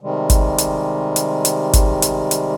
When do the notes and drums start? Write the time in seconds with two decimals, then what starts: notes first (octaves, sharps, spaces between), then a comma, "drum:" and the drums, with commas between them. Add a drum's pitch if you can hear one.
0.01 C3 D#3 G3 G#3
0.30 drum: kick G#1, hi-hat
0.58 drum: hi-hat
1.16 drum: hi-hat
1.45 drum: hi-hat
1.73 drum: kick G#1, hi-hat
2.02 drum: hi-hat
2.31 drum: hi-hat